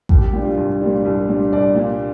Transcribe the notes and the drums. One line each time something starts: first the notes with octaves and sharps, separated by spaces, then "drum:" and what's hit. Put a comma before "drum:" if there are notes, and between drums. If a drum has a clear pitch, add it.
C2 G4, drum: kick A1
G4
A#2 G3 D4 G4
F4
C2
A#2 G3 D4
C2
A#2 G3 D4
C2 D5
A#2 G3 D4